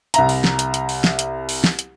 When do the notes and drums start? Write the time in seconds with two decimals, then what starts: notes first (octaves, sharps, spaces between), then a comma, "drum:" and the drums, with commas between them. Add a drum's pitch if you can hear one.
0.14 C2 E5 A#5, drum: hi-hat
0.29 drum: open hi-hat
0.44 drum: snare
0.59 drum: hi-hat
0.74 drum: hi-hat
0.89 drum: open hi-hat
1.04 drum: snare
1.19 drum: hi-hat
1.49 drum: open hi-hat
1.64 drum: snare
1.79 drum: hi-hat